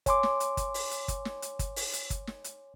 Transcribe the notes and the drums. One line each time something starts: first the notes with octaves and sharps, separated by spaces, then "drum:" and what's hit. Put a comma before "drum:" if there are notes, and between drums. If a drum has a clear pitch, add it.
C#5 G#5 C6 D6, drum: kick G1, hi-hat
drum: snare
drum: hi-hat
drum: kick G1, hi-hat
drum: open hi-hat
drum: hi-hat
drum: kick G1, hi-hat
drum: snare
drum: hi-hat
drum: kick G1, hi-hat
drum: open hi-hat
drum: hi-hat
drum: kick G1, hi-hat
drum: snare
drum: hi-hat